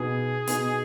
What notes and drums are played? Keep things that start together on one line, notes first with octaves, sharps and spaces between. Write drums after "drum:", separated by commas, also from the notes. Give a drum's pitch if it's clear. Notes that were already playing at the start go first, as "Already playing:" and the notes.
Already playing: B2 B3 D#4 G#4
B2 B3 D#4, drum: hi-hat